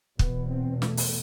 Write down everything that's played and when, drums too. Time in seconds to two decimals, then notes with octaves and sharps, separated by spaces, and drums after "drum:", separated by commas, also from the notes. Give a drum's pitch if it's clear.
0.19 E2 B2 B3, drum: kick
0.51 C4
0.82 A3, drum: snare
0.97 drum: open hi-hat